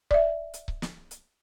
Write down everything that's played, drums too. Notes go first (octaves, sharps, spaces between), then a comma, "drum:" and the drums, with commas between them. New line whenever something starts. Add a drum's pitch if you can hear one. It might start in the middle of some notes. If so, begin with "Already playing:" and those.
D5 E5, drum: kick C#1
drum: hi-hat
drum: kick C#1
drum: snare
drum: hi-hat